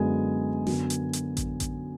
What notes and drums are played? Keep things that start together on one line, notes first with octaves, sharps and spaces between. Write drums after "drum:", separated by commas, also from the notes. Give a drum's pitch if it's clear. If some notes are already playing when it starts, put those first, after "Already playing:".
Already playing: F#2 D3 G#3 B3 G#5
F#2 D3 F#3 B3, drum: snare
drum: hi-hat
drum: hi-hat
drum: kick A1, hi-hat
drum: kick A1, hi-hat